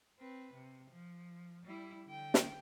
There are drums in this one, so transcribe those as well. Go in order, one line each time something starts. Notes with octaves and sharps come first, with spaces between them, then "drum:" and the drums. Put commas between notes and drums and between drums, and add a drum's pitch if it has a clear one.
C4 B4
C3
F3
G3 E4
D3 G5
drum: snare